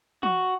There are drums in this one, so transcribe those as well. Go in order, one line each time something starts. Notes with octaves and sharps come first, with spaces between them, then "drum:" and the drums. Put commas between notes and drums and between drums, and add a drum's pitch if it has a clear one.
F#4, drum: tom